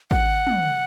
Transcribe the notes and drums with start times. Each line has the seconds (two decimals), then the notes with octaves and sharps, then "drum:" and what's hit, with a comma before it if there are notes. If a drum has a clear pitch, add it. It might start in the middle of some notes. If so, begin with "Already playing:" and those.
0.11 F#5, drum: kick A1
0.47 drum: tom